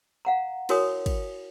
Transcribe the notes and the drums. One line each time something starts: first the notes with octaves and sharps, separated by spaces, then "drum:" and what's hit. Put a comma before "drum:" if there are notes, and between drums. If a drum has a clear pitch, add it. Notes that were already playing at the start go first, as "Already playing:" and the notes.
F5 F#5 A#5
E4 F#4 A#4 C#5 G#5 D#6, drum: cymbal
drum: kick, cymbal